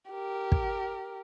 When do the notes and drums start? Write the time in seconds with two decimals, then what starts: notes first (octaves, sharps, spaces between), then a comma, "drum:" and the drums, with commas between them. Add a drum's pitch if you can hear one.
0.11 G4 A#4
0.52 drum: kick